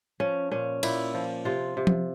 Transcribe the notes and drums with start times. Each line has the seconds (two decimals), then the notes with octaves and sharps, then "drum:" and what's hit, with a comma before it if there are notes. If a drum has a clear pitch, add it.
0.20 F3 C#4
0.51 A#2 C#4
0.83 A#2 E4, drum: cymbal
1.14 F3
1.45 C3 F4
1.77 C3
1.87 drum: tom F3